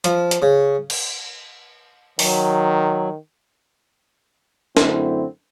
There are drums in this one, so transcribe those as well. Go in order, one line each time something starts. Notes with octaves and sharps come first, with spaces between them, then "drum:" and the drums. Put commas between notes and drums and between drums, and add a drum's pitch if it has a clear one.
F3, drum: hi-hat
drum: hi-hat
C#3
drum: cymbal
D#3 F#3, drum: open hi-hat
F#2 D3 A3 C4 E4, drum: snare